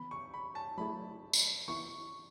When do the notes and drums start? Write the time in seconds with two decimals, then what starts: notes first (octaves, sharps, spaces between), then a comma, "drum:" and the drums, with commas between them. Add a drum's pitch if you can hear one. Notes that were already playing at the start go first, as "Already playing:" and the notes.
Already playing: C#3 E3 B3 B5
0.11 C#6
0.34 B5
0.55 A5
0.78 F#3 A3 E4 G#4 B5
1.33 drum: tambourine
1.68 E3 B3 E4 C#6